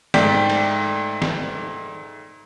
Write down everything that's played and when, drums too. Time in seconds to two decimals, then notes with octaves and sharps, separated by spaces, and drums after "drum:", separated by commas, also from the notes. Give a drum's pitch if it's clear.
0.14 G#2 A3 D5 G5 B6, drum: snare
0.50 drum: cymbal
1.22 drum: snare